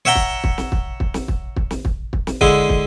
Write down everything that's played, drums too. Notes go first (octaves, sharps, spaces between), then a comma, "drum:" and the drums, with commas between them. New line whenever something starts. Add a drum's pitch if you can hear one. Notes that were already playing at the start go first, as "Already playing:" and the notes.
C#5 E5 F#5 G5 A#5
drum: kick
drum: kick
drum: snare
drum: kick
drum: kick
drum: snare
drum: kick
drum: kick
drum: snare
drum: kick
drum: kick
drum: snare
D3 G#3 E4, drum: kick
drum: kick